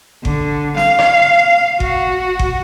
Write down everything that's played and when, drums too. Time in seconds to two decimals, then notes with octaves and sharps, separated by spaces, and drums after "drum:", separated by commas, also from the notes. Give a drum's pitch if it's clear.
0.25 D3, drum: kick G1
0.77 F5, drum: snare
0.99 drum: rim click
1.80 F#4, drum: kick G1
2.39 drum: kick G1